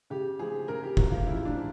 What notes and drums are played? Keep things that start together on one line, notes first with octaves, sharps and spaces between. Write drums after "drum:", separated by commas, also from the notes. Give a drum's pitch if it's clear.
C#3 G4
F3 G#4
C#3 A#4
G4
F3 F#4, drum: kick F1
F4
C#3 E4
D4
F3